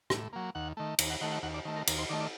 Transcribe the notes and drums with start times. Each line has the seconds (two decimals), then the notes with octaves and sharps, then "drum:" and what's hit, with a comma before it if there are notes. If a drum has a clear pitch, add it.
0.10 A2, drum: rim click
0.33 F#3 A#3
0.55 D#2 F#5
0.77 D#3 A3
0.98 D#2, drum: cymbal
1.10 F#5
1.21 D#3 A3 F#5
1.32 F#5
1.43 D#2 F#5
1.54 D5
1.65 D#3 A3
1.76 A#4
1.87 D#2 A#4, drum: cymbal
1.98 C5
2.09 D#3 A3 D5
2.20 D5